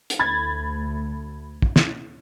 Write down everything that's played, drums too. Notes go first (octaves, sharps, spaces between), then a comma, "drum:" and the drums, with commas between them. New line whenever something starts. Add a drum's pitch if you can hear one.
drum: hi-hat
D2 A3 B5 G#6 A6
drum: kick
drum: snare